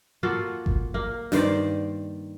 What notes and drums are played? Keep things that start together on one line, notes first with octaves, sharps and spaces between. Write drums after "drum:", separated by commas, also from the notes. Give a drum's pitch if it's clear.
A#3 F4 F#4 A4
drum: kick G1
A#3
G2 D#3 C5 D5, drum: snare